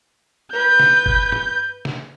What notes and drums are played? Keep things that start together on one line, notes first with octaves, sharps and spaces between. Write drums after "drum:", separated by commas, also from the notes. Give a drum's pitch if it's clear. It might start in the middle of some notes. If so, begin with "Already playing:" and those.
B4 G6
drum: snare
drum: kick
drum: tom G2
drum: snare